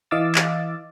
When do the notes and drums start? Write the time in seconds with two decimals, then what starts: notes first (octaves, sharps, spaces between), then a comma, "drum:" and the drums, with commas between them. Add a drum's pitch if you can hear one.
0.11 E3 D#5 F5 D6 E6 A6
0.35 drum: clap